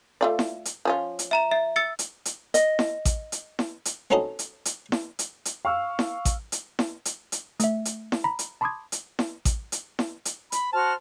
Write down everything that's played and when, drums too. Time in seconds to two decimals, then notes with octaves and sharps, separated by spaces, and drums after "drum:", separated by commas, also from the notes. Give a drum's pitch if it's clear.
0.21 A3 F4 D5
0.39 drum: snare E4
0.65 drum: hi-hat
0.85 F3 C#4 F4
1.19 drum: hi-hat
1.31 E5 A#5 E7
1.52 E5
1.76 E6 A6 C#7
1.99 drum: hi-hat
2.25 drum: hi-hat
2.54 D#5, drum: hi-hat
2.79 drum: snare E4
3.05 drum: kick A1, hi-hat
3.32 drum: hi-hat
3.59 drum: snare E4
3.85 drum: hi-hat
4.11 C4 C#4 D#4 F#4 A4 D#5
4.39 drum: hi-hat
4.65 drum: hi-hat
4.92 drum: snare E4
5.19 drum: hi-hat
5.45 drum: hi-hat
5.65 F5 C#6 E6 F6
5.99 drum: snare E4
6.25 drum: kick A1, hi-hat
6.52 drum: hi-hat
6.79 drum: snare E4
7.05 drum: hi-hat
7.32 drum: hi-hat
7.60 A3 E5, drum: hi-hat
7.85 drum: hi-hat
8.12 drum: snare E4
8.24 A#5 B5
8.39 drum: hi-hat
8.61 A5 B5 C6 D6 D#6 G#6
8.92 drum: hi-hat
9.19 drum: snare E4
9.45 drum: kick A1, hi-hat
9.72 drum: hi-hat
9.99 drum: snare E4
10.25 drum: hi-hat
10.52 B5, drum: hi-hat
10.73 F#4 C5 A5 F6